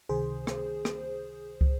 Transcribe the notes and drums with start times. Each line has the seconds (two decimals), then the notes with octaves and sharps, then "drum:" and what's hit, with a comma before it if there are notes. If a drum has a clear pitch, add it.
0.09 C#2 C3 D#3 G#4 C5
0.47 drum: rim click
0.85 drum: rim click
1.61 drum: kick